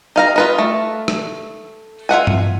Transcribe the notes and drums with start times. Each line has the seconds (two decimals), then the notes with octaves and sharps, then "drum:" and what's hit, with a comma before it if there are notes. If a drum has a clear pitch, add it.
0.16 D#4 F5 A#5
0.36 F4 B4 D#5
0.58 A3
1.08 drum: rim click
2.09 F4 E5 F#5 G#5
2.27 drum: tom G2